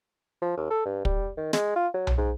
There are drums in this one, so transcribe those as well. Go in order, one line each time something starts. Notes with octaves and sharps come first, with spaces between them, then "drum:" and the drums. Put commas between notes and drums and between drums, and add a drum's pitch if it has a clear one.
F3
D#2
A4
G2
G3, drum: kick
D#3
G#3, drum: snare
F4
F#3
drum: tom B1
G#2